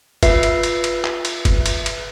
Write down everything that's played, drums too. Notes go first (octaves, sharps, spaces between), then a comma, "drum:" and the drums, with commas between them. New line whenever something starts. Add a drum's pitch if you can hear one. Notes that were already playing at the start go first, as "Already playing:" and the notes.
F4 B4 E5 C7, drum: kick G1, cymbal
drum: cymbal
drum: cymbal
drum: cymbal
drum: clap
drum: cymbal
drum: kick G1, cymbal
drum: cymbal
drum: cymbal